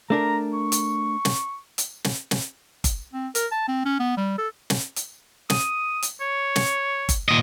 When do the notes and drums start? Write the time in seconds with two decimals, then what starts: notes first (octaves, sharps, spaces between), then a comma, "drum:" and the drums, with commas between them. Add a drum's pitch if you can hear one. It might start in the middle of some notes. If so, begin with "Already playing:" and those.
0.10 A3 D4 A#4 A#5
0.54 C#6
0.72 drum: hi-hat
1.25 drum: snare
1.78 drum: hi-hat
2.04 drum: snare
2.31 drum: snare
2.84 drum: kick G1, hi-hat
3.13 C4
3.35 A#4, drum: hi-hat
3.51 A5
3.68 C4
3.85 C#4
3.99 B3
4.17 G3
4.38 A4
4.70 drum: snare
4.96 drum: hi-hat
5.50 D#6, drum: snare
6.02 drum: hi-hat
6.21 C#5
6.56 drum: snare
7.09 drum: kick G1, hi-hat
7.29 A#2 D#5